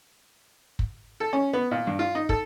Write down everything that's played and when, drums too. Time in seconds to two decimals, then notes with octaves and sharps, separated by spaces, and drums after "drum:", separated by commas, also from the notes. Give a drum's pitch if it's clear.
0.79 drum: kick
1.20 A4
1.33 C#4
1.53 B3
1.71 A#2
1.87 G2
1.99 F4
2.15 D#4
2.29 A4, drum: kick